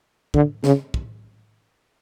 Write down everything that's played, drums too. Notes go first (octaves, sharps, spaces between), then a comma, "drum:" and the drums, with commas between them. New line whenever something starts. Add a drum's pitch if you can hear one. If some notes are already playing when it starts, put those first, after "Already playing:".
D3, drum: kick
C#3, drum: snare
drum: kick